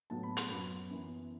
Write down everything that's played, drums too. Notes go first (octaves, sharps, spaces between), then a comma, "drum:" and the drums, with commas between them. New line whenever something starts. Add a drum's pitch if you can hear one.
A2 F#3 B3 A5
B5
C6, drum: hi-hat
F#2 F#3 B3 B5
F#2 E3 B3